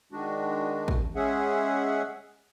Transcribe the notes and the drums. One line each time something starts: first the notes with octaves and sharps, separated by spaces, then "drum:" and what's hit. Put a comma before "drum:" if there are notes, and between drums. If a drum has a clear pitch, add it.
D#3 G#3 D4 F#4
drum: kick
G#3 C#4 G#4 E5 F#5